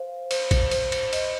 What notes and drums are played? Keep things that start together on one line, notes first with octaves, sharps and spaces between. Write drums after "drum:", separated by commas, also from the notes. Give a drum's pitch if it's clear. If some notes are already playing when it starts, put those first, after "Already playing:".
Already playing: C5 F5
C5, drum: cymbal
drum: kick, cymbal
C5, drum: cymbal
drum: cymbal
D#5, drum: cymbal